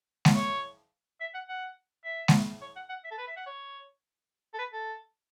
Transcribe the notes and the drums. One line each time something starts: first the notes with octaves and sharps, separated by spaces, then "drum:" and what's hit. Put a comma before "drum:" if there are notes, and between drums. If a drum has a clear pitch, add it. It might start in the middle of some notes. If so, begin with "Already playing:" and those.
drum: snare G#3
C#5
E5
F#5
F#5
E5
drum: snare G#3
C#5
F#5
F#5
E5
A4
B4
E5
F#5
C#5
A4
B4
A4